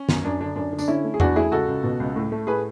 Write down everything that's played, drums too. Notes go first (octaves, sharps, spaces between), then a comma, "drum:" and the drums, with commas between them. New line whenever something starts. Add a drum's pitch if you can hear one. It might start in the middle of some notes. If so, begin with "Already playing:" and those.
Already playing: C#4
F#2, drum: snare
F#2 D4
D3 D4
F#2 D4
D3
D4, drum: tambourine
D3 C#4 E4
A3
G#4
E2 D4 F#4, drum: tom E2
A3 E4 G#4
C#2 F#4 A4
C#2
B2
C#2
A2
A3
A2 G#4 B4